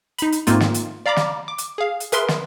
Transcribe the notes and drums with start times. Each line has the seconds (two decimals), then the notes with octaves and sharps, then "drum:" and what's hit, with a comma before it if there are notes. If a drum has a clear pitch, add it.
0.19 D#4 B5, drum: hi-hat
0.32 drum: hi-hat
0.47 G#2 A3 A#3 C4 D#4 F4, drum: hi-hat
0.60 drum: snare
0.74 drum: hi-hat
1.06 D5 F5 A#5 B5 D6
1.16 drum: snare
1.48 D6
1.58 drum: hi-hat
1.78 G#4 F5
2.00 drum: hi-hat
2.12 G#4 A#4 B4 E5 C6, drum: hi-hat
2.28 drum: snare